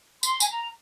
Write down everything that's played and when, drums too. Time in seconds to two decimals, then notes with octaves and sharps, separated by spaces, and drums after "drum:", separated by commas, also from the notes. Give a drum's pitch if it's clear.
0.23 C6, drum: tambourine
0.40 G#5, drum: tambourine
0.48 A#5